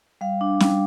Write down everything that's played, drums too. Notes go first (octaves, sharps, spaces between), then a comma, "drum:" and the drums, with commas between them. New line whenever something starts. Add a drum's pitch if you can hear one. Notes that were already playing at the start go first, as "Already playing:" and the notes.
G3 F5
D4
G3, drum: snare C#4